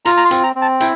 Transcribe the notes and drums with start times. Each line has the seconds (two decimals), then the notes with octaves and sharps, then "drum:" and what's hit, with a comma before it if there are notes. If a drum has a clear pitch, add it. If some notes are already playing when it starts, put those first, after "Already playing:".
0.05 F4 A#5, drum: hi-hat
0.17 A#5
0.25 C6
0.31 C4, drum: hi-hat
0.44 A#5
0.56 C4
0.62 A5
0.80 E4 G5, drum: hi-hat